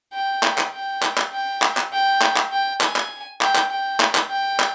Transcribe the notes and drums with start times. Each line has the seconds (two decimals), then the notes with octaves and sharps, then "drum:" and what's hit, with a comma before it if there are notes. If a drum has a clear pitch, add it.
0.13 G5
0.43 drum: clap
0.58 drum: clap
0.73 G5
1.03 drum: clap
1.18 drum: clap
1.32 G5
1.62 drum: clap
1.77 drum: clap
1.92 G5
2.22 drum: clap
2.37 drum: clap
2.52 G5
2.81 G#5, drum: clap
2.96 drum: clap
3.41 G5, drum: clap
3.56 drum: clap
3.70 G5
4.00 drum: clap
4.15 drum: clap
4.30 G5
4.60 drum: clap